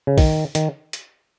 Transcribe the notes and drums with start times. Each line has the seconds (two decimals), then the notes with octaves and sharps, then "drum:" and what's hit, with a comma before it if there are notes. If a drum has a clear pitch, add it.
0.07 C#3
0.18 D#3, drum: kick B1, open hi-hat
0.55 D#3, drum: hi-hat
0.93 drum: hi-hat